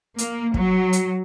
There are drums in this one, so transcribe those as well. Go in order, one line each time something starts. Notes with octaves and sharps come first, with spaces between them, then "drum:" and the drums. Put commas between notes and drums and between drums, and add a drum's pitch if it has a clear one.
A#3, drum: hi-hat
F#3, drum: kick
drum: hi-hat